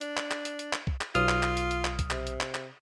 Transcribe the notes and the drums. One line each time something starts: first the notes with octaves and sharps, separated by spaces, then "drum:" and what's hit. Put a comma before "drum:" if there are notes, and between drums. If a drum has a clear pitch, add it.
D4, drum: hi-hat
drum: clap
drum: clap
drum: hi-hat
drum: hi-hat
drum: clap
drum: kick
drum: clap
B1 F4 D#6 F6, drum: hi-hat
drum: clap
drum: clap
drum: hi-hat
drum: hi-hat
drum: clap
drum: kick, hi-hat
C3, drum: clap
drum: hi-hat
drum: clap
drum: clap